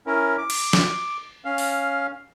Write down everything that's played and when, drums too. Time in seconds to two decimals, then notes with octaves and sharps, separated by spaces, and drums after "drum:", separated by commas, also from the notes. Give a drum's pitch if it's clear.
0.07 C#4 E4 A#4
0.38 D6
0.50 drum: cymbal
0.73 drum: snare
1.45 C#4 F5
1.58 drum: open hi-hat